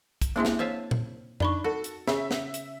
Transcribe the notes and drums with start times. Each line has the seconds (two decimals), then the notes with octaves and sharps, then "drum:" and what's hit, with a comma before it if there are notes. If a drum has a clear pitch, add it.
0.22 drum: kick, hi-hat
0.36 G#3 A#3 C4 D4 E4 E5
0.45 drum: snare
0.59 C5 C#5 E5 F5 A5
0.91 drum: tom A#2
1.40 D4 D#4 B5 C#6, drum: tom F2
1.64 F#4 A4
1.84 drum: hi-hat
2.07 C#3 E5, drum: snare
2.31 drum: snare
2.54 drum: hi-hat